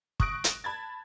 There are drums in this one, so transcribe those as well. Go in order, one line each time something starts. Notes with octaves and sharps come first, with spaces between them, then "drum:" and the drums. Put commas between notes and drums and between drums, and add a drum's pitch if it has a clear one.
C#6 D#6 F#6 A#6 D7, drum: kick
drum: hi-hat
A5 B5 G#6 A6